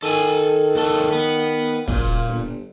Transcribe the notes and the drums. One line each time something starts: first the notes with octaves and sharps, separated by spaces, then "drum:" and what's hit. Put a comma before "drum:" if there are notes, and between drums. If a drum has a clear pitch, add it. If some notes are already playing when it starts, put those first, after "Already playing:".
D#3 A4 G#5
D#2 A4
B3
F#1 A#2, drum: kick
G1